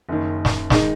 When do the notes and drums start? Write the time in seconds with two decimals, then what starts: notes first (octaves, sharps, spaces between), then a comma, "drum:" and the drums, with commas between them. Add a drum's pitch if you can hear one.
0.09 F#1 F#2 D#3
0.45 drum: snare
0.70 D#3 G#3 D#4, drum: snare